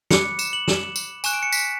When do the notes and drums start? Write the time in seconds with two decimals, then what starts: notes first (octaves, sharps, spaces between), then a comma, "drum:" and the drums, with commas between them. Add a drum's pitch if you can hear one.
0.11 B5 D6 F#6 C#7, drum: snare
0.39 E7, drum: tambourine
0.53 F#7
0.68 E7, drum: snare
0.96 drum: tambourine
1.24 G#5 C#6 F#6 E7, drum: tambourine
1.33 D7
1.43 C#7
1.52 B6, drum: tambourine